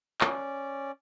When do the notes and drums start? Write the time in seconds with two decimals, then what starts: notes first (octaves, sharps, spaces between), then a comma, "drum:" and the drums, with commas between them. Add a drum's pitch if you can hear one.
0.21 C#4 D5, drum: clap